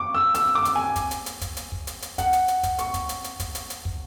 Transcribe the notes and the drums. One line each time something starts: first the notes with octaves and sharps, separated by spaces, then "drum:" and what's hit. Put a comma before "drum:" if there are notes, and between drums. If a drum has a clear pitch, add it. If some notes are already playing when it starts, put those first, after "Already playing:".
Already playing: C#6 D6
E6
E6, drum: hi-hat
D6
drum: hi-hat
G#5
drum: kick, hi-hat
drum: hi-hat
drum: hi-hat
drum: kick, hi-hat
drum: hi-hat
drum: kick
drum: hi-hat
drum: hi-hat
F#5, drum: kick, hi-hat
drum: hi-hat
drum: hi-hat
drum: kick, hi-hat
C#6, drum: hi-hat
drum: kick, hi-hat
drum: hi-hat
drum: hi-hat
drum: kick, hi-hat
drum: hi-hat
drum: hi-hat
drum: kick